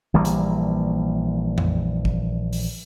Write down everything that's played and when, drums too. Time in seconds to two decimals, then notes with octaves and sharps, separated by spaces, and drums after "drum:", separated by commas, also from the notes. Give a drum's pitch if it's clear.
0.14 A#1 E3 G3 A#3
0.25 drum: hi-hat
1.58 drum: tom F2
2.05 drum: kick G#1
2.53 drum: open hi-hat